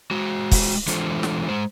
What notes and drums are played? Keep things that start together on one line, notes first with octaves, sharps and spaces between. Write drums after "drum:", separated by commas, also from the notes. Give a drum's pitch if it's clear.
G#3 F#4
drum: kick, open hi-hat
E3 G#3 D4 F4 A4 C5, drum: hi-hat
drum: snare
G#3 C5